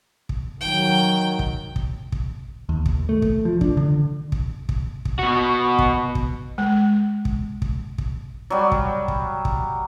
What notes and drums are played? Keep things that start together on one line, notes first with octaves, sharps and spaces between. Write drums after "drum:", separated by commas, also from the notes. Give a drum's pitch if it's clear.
drum: kick
D#3 F#3 G5
drum: kick
drum: kick
drum: kick
D#2
drum: kick
A3
drum: kick
F3
D4, drum: kick
D3
drum: kick
drum: kick
drum: kick
B2 F#4
drum: kick
drum: kick
G#3
drum: kick
drum: kick
drum: kick
F#3 G3
drum: kick
drum: kick
drum: kick